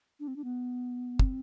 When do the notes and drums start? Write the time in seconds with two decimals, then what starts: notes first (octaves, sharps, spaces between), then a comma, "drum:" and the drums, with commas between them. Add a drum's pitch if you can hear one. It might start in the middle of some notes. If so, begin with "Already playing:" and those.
0.20 D4
0.28 C4
0.36 D4
0.44 B3
1.19 C4, drum: kick